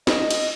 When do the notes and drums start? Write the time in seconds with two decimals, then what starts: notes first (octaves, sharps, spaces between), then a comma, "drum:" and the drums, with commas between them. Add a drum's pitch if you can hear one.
0.07 D#5, drum: snare
0.31 drum: cymbal